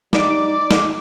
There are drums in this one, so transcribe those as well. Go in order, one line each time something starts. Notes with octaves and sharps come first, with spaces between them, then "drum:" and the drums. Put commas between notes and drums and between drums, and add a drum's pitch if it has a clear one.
G2 G3 D#4 D5 D6, drum: snare
D#4
drum: snare